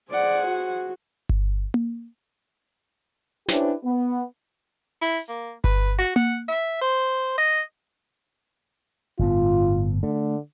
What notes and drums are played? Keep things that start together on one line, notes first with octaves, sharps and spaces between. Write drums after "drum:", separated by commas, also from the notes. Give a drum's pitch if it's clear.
G#4 C5 D5 F#5
F#4
drum: kick G1
drum: tom A#3
C#4 D4 E4 G4 B4 C5, drum: snare
B3
E4, drum: open hi-hat
A#3
B4, drum: kick G1
F#4
F#5, drum: tom A#3
E5
C5
D#5, drum: hi-hat
G1 A2 B3 F4
D3 A3